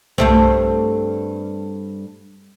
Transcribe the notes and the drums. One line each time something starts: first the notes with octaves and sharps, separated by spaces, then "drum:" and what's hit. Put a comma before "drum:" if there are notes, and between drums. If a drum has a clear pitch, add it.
G2 A3 C4, drum: tom B1